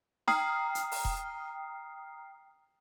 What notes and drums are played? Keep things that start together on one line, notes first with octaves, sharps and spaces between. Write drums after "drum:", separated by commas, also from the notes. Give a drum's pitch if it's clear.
G5 A#5 D#6 F6 C7, drum: snare D#4
drum: hi-hat
drum: open hi-hat
drum: kick E1